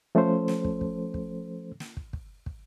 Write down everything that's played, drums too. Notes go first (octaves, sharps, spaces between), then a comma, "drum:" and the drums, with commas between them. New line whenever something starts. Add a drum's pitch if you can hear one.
F3 A3 C#4 A4 C5
drum: snare
drum: kick
drum: kick
drum: kick
drum: snare
drum: kick
drum: kick
drum: kick